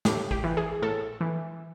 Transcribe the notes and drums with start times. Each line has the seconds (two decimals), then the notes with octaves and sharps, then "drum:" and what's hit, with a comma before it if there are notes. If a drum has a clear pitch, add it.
0.05 A2 G4, drum: snare
0.31 G4, drum: kick A1
0.44 E3
0.57 G#4
0.82 A2 A4
1.21 E3